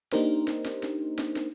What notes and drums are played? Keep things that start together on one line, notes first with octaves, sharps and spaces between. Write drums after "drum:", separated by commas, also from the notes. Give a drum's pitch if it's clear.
A#3 D4 D#4 G4 A#4 C5, drum: snare
drum: snare
drum: snare
drum: snare
drum: snare
drum: snare